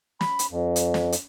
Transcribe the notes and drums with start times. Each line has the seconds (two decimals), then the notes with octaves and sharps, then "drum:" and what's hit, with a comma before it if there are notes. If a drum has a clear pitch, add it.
0.21 B5, drum: snare
0.39 drum: hi-hat
0.51 F2
0.76 drum: hi-hat
0.94 drum: snare
1.12 drum: hi-hat